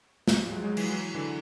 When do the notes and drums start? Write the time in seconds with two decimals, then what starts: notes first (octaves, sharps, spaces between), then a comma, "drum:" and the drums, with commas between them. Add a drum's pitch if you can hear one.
0.28 drum: snare
0.39 F3 G3
0.52 F#3 G#3
0.64 F#3 G#3
0.77 E3 F#3, drum: cymbal
0.89 E3 F#3
1.15 D3 E3